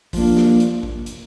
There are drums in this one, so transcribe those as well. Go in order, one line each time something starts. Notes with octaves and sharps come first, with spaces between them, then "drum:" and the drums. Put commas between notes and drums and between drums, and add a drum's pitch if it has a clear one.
F3 A#3 D4, drum: kick A1, open hi-hat
drum: snare
drum: hi-hat
drum: kick A1
drum: hi-hat